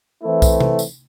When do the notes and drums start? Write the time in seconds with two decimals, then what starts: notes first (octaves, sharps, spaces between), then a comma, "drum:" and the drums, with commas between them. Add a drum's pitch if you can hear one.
0.23 E3 A3 C4 E4
0.42 drum: kick B1, tambourine
0.60 drum: tom C3
0.79 drum: tambourine